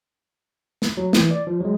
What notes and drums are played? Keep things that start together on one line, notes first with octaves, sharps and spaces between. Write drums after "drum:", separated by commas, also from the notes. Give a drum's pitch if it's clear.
drum: snare
F#3
E3, drum: snare
D5
F3
F#3 G#3